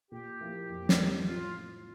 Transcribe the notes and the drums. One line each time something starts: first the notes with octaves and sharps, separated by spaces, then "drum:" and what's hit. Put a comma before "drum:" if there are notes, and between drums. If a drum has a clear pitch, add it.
A#2 G4
F3 A#3 E4
F2
drum: snare
C3 G3 C4
A2 F4